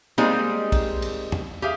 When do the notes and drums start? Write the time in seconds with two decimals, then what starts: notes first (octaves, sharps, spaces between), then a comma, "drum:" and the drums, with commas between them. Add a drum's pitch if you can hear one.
0.18 G3 G#3 A#3 C4 D#4 G#4
0.72 drum: kick, cymbal
1.02 drum: cymbal
1.32 drum: tom
1.62 G4 G#4 E5 F5